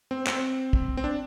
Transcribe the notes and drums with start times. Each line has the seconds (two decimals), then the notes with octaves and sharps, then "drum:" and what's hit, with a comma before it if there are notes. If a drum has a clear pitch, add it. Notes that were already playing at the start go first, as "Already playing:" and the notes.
0.11 C4
0.27 C4, drum: clap
0.73 drum: kick
0.97 C4
1.04 D4